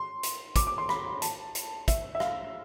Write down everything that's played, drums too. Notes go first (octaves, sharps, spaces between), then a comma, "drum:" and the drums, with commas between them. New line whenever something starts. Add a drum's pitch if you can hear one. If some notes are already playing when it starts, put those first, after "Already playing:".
Already playing: C6
drum: hi-hat
D6, drum: kick, hi-hat
D6
C6
B5, drum: rim click
A5, drum: hi-hat
drum: hi-hat
E5, drum: kick, hi-hat
E5
F5, drum: rim click